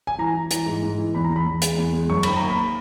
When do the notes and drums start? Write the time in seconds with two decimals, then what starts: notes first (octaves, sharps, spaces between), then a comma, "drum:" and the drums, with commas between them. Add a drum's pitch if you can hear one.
0.07 G#5
0.18 E3 A#5
0.34 E3
0.51 E3, drum: hi-hat
0.66 G#2
0.83 G#2
0.98 E3
1.14 E2 B5
1.24 A#5
1.31 E2
1.36 B5
1.47 E2
1.62 G#3, drum: hi-hat
1.78 E2
1.94 G#3
2.10 F#2 C#6
2.23 D#3 B5, drum: cymbal
2.37 A#5
2.42 A#3
2.50 B5